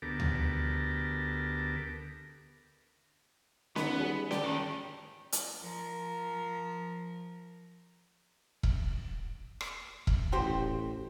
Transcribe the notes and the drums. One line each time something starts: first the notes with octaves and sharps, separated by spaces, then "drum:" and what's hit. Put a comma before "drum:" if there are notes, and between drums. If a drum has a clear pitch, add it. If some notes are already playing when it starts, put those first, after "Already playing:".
D2 B3 G4 A4 A#4 D6
drum: tom D2
B3 D#4, drum: snare C#4
G3 F#4 G#4
G4 D5 A5, drum: snare C#4
G#2 D#3
drum: hi-hat
F3 A#4
drum: kick E1
drum: rim click
drum: kick E1
A1 F#4 G4 C5